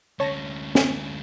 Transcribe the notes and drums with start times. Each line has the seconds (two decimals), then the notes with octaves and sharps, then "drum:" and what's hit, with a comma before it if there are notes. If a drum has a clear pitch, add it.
0.20 D2 C#4 C#5 A5 A#6
0.75 drum: snare